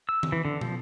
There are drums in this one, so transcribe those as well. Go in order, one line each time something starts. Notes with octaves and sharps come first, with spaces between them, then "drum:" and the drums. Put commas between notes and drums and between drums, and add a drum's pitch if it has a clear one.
E6
drum: tom D#3
E3
D3
F3, drum: tom